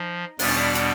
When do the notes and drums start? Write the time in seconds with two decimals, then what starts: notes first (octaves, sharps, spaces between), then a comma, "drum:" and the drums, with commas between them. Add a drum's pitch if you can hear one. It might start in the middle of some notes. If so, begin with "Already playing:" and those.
Already playing: F3 D#4
0.39 E2 B2 G3 B3 D4, drum: open hi-hat
0.49 C#4
0.57 D4
0.75 D4, drum: hi-hat